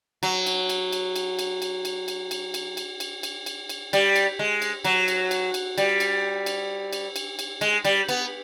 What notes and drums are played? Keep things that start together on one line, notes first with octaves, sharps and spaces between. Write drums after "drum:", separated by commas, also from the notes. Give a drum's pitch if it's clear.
F#3, drum: cymbal
drum: cymbal
drum: cymbal
drum: cymbal
drum: cymbal
drum: cymbal
drum: cymbal
drum: cymbal
drum: cymbal
drum: cymbal
drum: cymbal
drum: cymbal
drum: cymbal
drum: cymbal
drum: cymbal
drum: cymbal
G3, drum: cymbal
drum: cymbal
G#3
drum: cymbal
F#3, drum: cymbal
drum: cymbal
drum: cymbal
drum: cymbal
G3, drum: cymbal
drum: cymbal
drum: cymbal
drum: cymbal
drum: cymbal
drum: cymbal
G#3, drum: cymbal
G3, drum: cymbal
B3, drum: cymbal